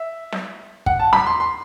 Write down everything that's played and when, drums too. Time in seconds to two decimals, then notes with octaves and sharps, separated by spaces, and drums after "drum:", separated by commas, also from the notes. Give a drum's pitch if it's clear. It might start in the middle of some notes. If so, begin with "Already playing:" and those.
Already playing: E5
0.32 drum: snare
0.86 F#5, drum: kick
0.99 A5
1.13 B5, drum: snare
1.26 C6
1.40 C6